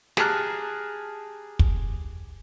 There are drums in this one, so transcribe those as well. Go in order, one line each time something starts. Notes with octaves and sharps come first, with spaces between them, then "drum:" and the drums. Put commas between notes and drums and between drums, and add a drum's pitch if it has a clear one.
G4 G#4 A5 A#5 F6 F#6, drum: snare
drum: kick